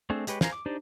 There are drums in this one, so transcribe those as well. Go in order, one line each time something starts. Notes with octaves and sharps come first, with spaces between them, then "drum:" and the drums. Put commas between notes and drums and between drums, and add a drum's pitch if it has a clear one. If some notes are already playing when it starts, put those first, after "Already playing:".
A3 C4 D4 G#4
G#3 G4 B4 C#5, drum: hi-hat
C5 F5 G#5 A#5, drum: snare
D6
D4 D#4 G4 C5 D5